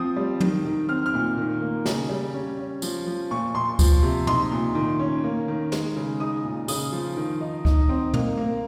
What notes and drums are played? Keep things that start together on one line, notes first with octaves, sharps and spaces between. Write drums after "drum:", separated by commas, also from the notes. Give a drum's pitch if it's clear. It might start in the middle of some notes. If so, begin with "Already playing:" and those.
Already playing: F3 C4 D#6
G3
D#3, drum: tom
D#3
C4 F6
F6
A#2
D#3
A#3
C#3, drum: snare
G3
C#4
C#4
F3, drum: tambourine
F3
A#2 C#6
A#2 C6
F3, drum: kick C#2, tambourine
C3
D#4 C6, drum: tom
A#2
D#3
C#4
A#3
D#3
G#3, drum: snare
C#3
D#4 D#6
A#2
C#3 D#6, drum: tambourine
F3
D#3
D#4
D#4, drum: kick C#2
C4
A#3, drum: tom
A#3